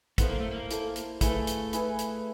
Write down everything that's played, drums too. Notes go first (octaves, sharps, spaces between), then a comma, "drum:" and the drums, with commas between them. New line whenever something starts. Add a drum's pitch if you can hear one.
B3 E4 A4 C5 F5, drum: kick, hi-hat
A#3
A3
A#3
E4 A4 C5 F5, drum: hi-hat
drum: hi-hat
A3 E4 G#4 B4, drum: kick, hi-hat
drum: hi-hat
E4 G#4 B4, drum: hi-hat
drum: hi-hat